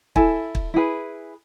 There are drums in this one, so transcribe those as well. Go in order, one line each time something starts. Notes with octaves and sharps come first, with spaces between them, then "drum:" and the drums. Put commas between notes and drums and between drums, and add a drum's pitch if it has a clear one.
E4 A4 G#5, drum: kick
drum: kick
E4 G#4 B4